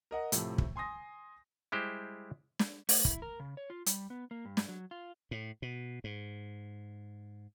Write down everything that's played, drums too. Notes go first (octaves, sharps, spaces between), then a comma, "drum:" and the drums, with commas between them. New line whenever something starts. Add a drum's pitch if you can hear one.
A#4 D#5 F#5
A2 C3 F3, drum: hi-hat
drum: kick
G#5 C6 D#6 A#6
G3 G#3 E4 G4 C5
drum: snare
A3, drum: open hi-hat
E4, drum: kick
A#4
C#3
C#5
F4
G3, drum: hi-hat
B3
A#3
G2
drum: snare
F#3
F4
A2
B2
G#2